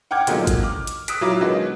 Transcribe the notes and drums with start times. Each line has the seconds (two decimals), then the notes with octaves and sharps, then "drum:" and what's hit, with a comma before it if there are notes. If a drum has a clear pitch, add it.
0.11 F#5 G5 D6 F6 G#6
0.27 D3 F3 F#3 G#3 A#3 D#4, drum: hi-hat
0.47 drum: kick G#1, hi-hat
0.63 D6 F6
0.87 drum: hi-hat
1.08 D#6 E6 F#6 B6 D7, drum: hi-hat
1.21 F#3 E4 F4 A#5 D6
1.41 B2 D#3 F#3 G#3 B3 D#4